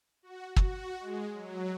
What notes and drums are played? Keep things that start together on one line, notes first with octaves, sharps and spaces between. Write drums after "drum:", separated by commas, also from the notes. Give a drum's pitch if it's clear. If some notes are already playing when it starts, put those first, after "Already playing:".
F#4
F#4, drum: kick
G#3
F#3